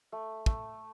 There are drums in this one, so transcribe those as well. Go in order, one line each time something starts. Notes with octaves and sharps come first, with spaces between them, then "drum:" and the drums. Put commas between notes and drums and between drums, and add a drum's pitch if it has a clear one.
A3
A3, drum: kick